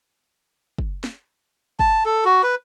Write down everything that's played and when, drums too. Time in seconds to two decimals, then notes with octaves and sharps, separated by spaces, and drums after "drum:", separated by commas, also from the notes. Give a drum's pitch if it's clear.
0.78 drum: kick
1.04 drum: snare
1.79 A5, drum: kick
2.05 A4
2.25 F#4
2.43 B4